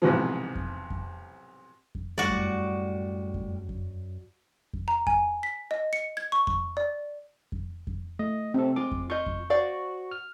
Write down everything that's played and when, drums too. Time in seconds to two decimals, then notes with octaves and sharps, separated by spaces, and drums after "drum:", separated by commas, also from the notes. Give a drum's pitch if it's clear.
0.02 B1 G#2 C3 E3 F3
0.55 drum: kick F2
0.90 drum: kick F2
1.95 drum: kick F2
2.18 F#2 A2 G3 F#4 D5
2.30 drum: kick F2
3.34 drum: kick F2
3.69 drum: kick F2
4.73 drum: kick F2
4.88 A#5
5.07 G#5, drum: kick F2
5.43 B6
5.71 D#5
5.93 C#7
6.17 G#6
6.32 C#6
6.47 C#6, drum: kick F2
6.77 D5
7.52 drum: kick F2
7.87 drum: kick F2
8.19 A3 D#5
8.54 C3 C4 A4
8.76 G#3 F4 D6
8.92 drum: kick F2
9.10 F4 D#5 C#6 G6
9.26 drum: kick F2
9.50 F#4 C5 D5 F5 C#6
10.11 F6